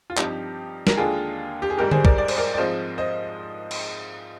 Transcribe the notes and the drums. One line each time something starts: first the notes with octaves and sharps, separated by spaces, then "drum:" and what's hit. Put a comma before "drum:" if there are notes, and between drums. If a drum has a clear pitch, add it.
F4
G2 F3 C4 D#4 G4, drum: clap
A#4, drum: snare
D#2 D3 G#3 D4 F4 G#4
G4
G#4
G#1 G#2 G3 G4 A#4
G#4 C5, drum: tom D3
A#4 D5, drum: kick
D5
C5, drum: cymbal
A#4 D5
D5
G#2 F3 G#3 C4 F4 C5 D#5
C5 D#5
drum: cymbal